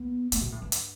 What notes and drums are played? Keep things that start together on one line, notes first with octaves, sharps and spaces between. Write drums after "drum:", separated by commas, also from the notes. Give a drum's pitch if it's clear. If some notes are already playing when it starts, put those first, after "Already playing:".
Already playing: B3
A3, drum: hi-hat
B2
A2
G2
drum: hi-hat